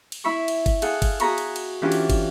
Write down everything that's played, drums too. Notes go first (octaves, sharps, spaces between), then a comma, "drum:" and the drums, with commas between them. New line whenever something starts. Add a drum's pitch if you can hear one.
drum: cymbal
E4 E5 B5 C#6
drum: cymbal
drum: kick, cymbal
G#4 A4 F5 F#5, drum: cymbal
drum: kick, cymbal
F#4 G#4 A#5 B5 C#6, drum: cymbal
drum: cymbal
drum: cymbal
E3 C#4 D4 F4 G4 A4
drum: cymbal
drum: kick, cymbal